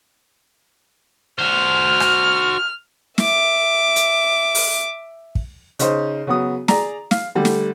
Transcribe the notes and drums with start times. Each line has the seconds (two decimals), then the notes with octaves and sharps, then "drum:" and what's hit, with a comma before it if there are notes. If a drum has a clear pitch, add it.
1.39 F#4 C5 F6
2.00 drum: rim click
3.18 E5 D6, drum: snare
3.96 drum: hi-hat
4.55 drum: open hi-hat
5.35 drum: kick
5.79 C#3 D#4 C5, drum: hi-hat
6.27 C#3 F#3 B3 D#6
6.68 G#4 D5 A#5, drum: snare
7.11 F5, drum: snare
7.35 D3 G3 A3
7.45 drum: snare